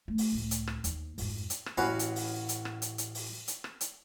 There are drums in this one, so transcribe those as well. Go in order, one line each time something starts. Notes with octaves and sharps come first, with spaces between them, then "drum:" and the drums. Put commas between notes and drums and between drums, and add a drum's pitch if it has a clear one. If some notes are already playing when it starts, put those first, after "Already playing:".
A3
drum: open hi-hat
C#2 A2
drum: hi-hat
drum: rim click
D#2, drum: hi-hat
F2 G#2, drum: open hi-hat
drum: hi-hat
drum: rim click
A1 C#4 F#4 B4 F5 B5
drum: hi-hat
drum: open hi-hat
drum: hi-hat
drum: rim click
drum: hi-hat
drum: hi-hat
drum: open hi-hat
drum: hi-hat
drum: rim click
drum: hi-hat